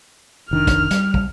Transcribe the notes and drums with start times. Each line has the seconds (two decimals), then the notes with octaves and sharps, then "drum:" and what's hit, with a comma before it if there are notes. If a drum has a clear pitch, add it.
0.51 F1 D#3 D4 F6
0.67 drum: kick, hi-hat
0.91 G3, drum: hi-hat
1.14 drum: kick